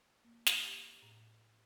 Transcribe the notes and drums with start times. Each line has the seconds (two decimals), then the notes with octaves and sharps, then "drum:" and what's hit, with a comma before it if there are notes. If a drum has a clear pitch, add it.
0.24 A#3
0.47 G4, drum: snare
1.02 A2